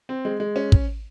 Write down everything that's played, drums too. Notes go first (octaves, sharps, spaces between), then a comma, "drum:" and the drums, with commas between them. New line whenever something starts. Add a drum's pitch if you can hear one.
C4
G#3
G#3
C#4
drum: kick